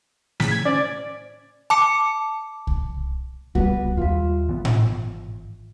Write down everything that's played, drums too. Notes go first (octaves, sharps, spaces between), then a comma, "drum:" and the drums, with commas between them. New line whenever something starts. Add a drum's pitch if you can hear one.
A2 C#3 B6, drum: snare
G#6
C#4 C5 D5
A5 D6 C#7
drum: kick C2
G3 B3 F#4, drum: kick C2
D#2 G3 F4 E5
G#1 E3 B3
drum: tom A2